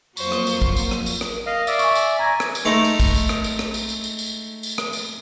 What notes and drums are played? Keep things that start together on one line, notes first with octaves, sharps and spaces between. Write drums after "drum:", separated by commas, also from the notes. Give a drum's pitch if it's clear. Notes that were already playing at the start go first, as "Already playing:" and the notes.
F2 F#3 A#3 F4 C5 C#6, drum: tambourine
drum: rim click
drum: tambourine
drum: kick
drum: tambourine
drum: rim click
drum: tambourine
drum: rim click
A#4
D#5 F5
D5 E5, drum: tambourine
G#5 C#6, drum: tambourine
drum: tambourine
G#5 A#5 G#6 A#6
drum: rim click
drum: tambourine
G#3 A3 D#4
drum: tambourine
drum: kick, tambourine
drum: tambourine
drum: rim click
drum: tambourine
drum: rim click
drum: tambourine
drum: tambourine
drum: tambourine
drum: tambourine
drum: tambourine
drum: rim click
drum: tambourine